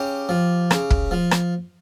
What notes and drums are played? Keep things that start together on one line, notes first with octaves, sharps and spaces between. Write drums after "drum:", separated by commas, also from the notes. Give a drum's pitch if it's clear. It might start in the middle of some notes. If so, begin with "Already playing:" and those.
Already playing: C#3 G4
F3
C#3, drum: rim click
drum: kick
F3
drum: rim click